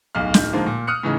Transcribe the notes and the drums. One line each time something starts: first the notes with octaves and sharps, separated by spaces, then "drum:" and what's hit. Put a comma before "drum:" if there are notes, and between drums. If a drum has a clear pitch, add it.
D1 B1 F5 F6
D1 D#3 G6, drum: snare
D3 D#3 F3 G#3 A#3
A#2
D#6 F6 F#6 C#7
A2 C#3 E3 D#4